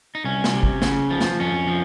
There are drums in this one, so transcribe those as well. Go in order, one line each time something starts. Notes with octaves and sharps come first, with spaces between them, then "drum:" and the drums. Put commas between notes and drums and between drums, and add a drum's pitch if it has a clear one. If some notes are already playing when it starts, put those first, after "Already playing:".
D#4
C2 C#4
drum: snare
C3
drum: kick
C#3, drum: snare
F3
drum: snare
F2 C#4
F3